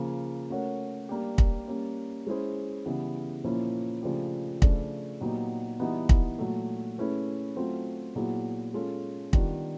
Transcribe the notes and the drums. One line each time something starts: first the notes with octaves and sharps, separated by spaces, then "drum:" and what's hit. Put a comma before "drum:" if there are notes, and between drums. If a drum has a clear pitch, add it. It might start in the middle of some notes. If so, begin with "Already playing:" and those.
Already playing: C#3 F3 A#3
A3 C#4 F#4 A#4 C#5
G3 A#3 D4 G4
drum: kick
G3 A#3 C#4
G#3 C#4 E4 G#4 C5
C#3 E3 G3 B3
A#2 F3 A#3 C#4 E4
C#3 F3 A3 D4 G4
C#3 F3 A3 D4, drum: kick
A#2 F#3 B3 D#4 G4
E3 G3 B3 D#4 F#4
drum: kick
A#2 F#3 A3
A3 C#4 E4 G#4 B4
F#3 A3 C4 F4
A#2 F#3 B3 E4 G#4
G#3 C#4 F4 A4
D#3 G3 B3 D4 F4, drum: kick